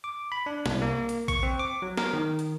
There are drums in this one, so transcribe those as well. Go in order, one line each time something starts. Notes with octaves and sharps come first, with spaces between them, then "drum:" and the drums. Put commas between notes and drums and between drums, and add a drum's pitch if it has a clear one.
D6
B5
D4
C2, drum: snare
A#3
drum: hi-hat
C#6, drum: kick A#1, hi-hat
C4
D6
F#3
A#4, drum: snare
D#3
drum: hi-hat